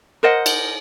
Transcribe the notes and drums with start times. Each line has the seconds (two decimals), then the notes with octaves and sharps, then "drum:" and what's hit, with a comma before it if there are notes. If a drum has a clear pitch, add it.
0.23 A#4 C5 D#5 F#5
0.46 drum: cymbal